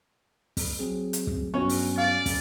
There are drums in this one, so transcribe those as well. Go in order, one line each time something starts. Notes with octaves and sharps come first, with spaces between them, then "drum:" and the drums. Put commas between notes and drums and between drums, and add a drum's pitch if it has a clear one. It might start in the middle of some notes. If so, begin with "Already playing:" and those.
drum: kick, open hi-hat
F#3 C4 G#4
drum: hi-hat
drum: kick
G2 F#3 B3 C#4 F#4 C#5
drum: open hi-hat
D5 F5
drum: kick, open hi-hat